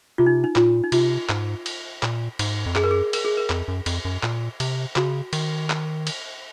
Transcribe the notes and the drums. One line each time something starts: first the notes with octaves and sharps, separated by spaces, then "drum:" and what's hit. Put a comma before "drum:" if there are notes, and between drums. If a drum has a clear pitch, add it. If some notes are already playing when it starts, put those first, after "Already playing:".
C3 F4
D#4
D#4
A#2 F4, drum: clap
D#4
C3 F4, drum: cymbal
G#2, drum: clap
drum: cymbal
A#2, drum: clap
G#2, drum: cymbal
F2
F#2 G#4, drum: clap
A#4
G#4
A#4, drum: cymbal
G#4
A#4
F2, drum: clap
F#2
F2, drum: cymbal
F#2
A#2, drum: clap
C3, drum: cymbal
C#3 F#4, drum: clap
D#3, drum: cymbal
drum: clap
drum: cymbal